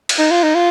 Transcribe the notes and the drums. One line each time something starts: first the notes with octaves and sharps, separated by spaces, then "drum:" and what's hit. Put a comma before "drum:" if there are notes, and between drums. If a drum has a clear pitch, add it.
drum: cymbal
D#4
F4
D#4
F4